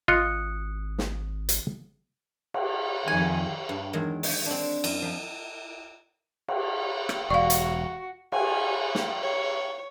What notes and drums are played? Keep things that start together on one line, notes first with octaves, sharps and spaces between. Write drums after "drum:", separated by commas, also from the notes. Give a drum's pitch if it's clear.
G#1 F4 D#5 D#6 F#6 C#7
drum: snare
drum: hi-hat
drum: cymbal
F2 D#3 G#5
G2
E2 D#3 F#3 G#3
D#4, drum: open hi-hat
C4 D4
F#2, drum: cymbal
F3
drum: cymbal
drum: rim click
E1 F#4 D5 F5 C#6
drum: hi-hat
G#5, drum: cymbal
drum: snare
C#5